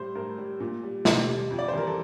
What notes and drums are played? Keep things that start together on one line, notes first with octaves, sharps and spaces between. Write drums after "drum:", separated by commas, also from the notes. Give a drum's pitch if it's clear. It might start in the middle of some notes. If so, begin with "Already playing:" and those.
Already playing: A2 G3 C5
A2 A#4
G3
A#2
G3
A#2 A4, drum: snare
G3
F2
D5
C5
E3 G3 A#4
A4